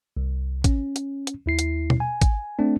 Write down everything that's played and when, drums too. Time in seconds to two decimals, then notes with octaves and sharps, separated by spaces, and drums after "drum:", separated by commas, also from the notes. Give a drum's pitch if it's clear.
0.17 C2
0.64 C#4, drum: kick, hi-hat
0.96 drum: hi-hat
1.27 drum: hi-hat
1.46 D#2 E4 C7
1.59 drum: hi-hat
1.90 drum: tom B2
2.00 G#5
2.22 drum: kick, hi-hat
2.59 A3 C4 D4